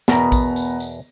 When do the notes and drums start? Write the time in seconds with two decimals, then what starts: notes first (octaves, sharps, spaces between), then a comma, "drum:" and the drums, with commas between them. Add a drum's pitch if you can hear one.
0.08 E2 B2 B3 A#4 A#5, drum: snare
0.32 drum: kick A#1, tambourine
0.56 drum: tambourine
0.80 drum: tambourine